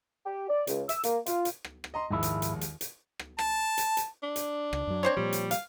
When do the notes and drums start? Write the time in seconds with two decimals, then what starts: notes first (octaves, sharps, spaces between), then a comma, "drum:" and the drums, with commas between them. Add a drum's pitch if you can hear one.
0.25 G4
0.48 D5
0.67 C#2, drum: hi-hat
0.89 E6, drum: hi-hat
1.04 A#3, drum: hi-hat
1.26 F4, drum: hi-hat
1.45 drum: hi-hat
1.64 drum: rim click
1.84 drum: rim click
1.94 D#5 A#5 C6
2.10 A#1 D#2 G#2 G#3 E4
2.23 drum: hi-hat
2.42 drum: hi-hat
2.61 drum: hi-hat
2.81 drum: hi-hat
3.19 drum: rim click
3.39 A5, drum: rim click
3.78 drum: hi-hat
3.97 drum: hi-hat
4.23 D4
4.36 drum: hi-hat
4.73 C#2, drum: rim click
4.87 F#2 F#3
5.03 C4 C5 C#5
5.17 A#2 F3 G3
5.33 drum: hi-hat
5.51 F5, drum: hi-hat